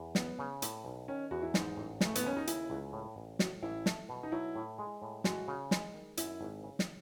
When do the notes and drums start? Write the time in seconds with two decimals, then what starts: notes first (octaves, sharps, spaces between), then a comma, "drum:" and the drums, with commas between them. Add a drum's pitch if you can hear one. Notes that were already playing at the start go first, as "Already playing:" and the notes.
Already playing: E2
0.15 F#3 B3, drum: snare
0.39 C#3
0.62 A2, drum: hi-hat
0.85 B1
1.08 D#3 C#4
1.31 E2 F#4
1.42 E4
1.54 G#2 D#4, drum: snare
1.77 A1
2.01 C#3 A3, drum: snare
2.15 B3, drum: hi-hat
2.24 D#2 C#4
2.37 D#4
2.47 C#3 E4, drum: hi-hat
2.70 C#2
2.93 A2
3.16 A1
3.39 A2 F#4, drum: snare
3.63 A1 E4
3.86 A3, drum: snare
4.09 B2
4.23 D#4
4.32 F#3 E4
4.55 A2
4.79 G#3
5.02 A2
5.24 G#3 F#4, drum: snare
5.48 C#3
5.71 G#3, drum: snare
5.94 D#3
6.17 F#2 E4, drum: hi-hat
6.41 G#1
6.64 C#3
6.79 drum: snare